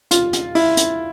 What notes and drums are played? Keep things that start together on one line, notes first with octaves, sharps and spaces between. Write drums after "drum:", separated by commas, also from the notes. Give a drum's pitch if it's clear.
F4, drum: hi-hat
drum: hi-hat
E4, drum: open hi-hat
drum: hi-hat